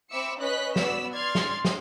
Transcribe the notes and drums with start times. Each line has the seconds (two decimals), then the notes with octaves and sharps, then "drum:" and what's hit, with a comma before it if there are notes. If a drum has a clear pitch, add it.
0.11 C4 E5 B5 D6 E6 C#7
0.40 C#4 B4 C#5 D#5 F#6 B6
0.76 B3 F#4 D5 E6 B6, drum: snare
1.13 D5 C6 F6 G#6 A6
1.35 drum: snare
1.65 drum: snare